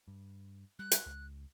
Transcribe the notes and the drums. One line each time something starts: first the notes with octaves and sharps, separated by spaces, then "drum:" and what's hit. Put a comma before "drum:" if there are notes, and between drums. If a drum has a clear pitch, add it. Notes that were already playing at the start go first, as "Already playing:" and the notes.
G2
G3 F#6
drum: hi-hat
C#2